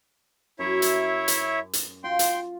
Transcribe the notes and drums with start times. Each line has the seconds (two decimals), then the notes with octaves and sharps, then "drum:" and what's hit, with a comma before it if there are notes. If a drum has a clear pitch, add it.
0.59 F#2 E4 C#5 E5
0.82 drum: hi-hat
1.28 drum: hi-hat
1.73 drum: hi-hat
2.04 F4 G5 C6
2.19 drum: hi-hat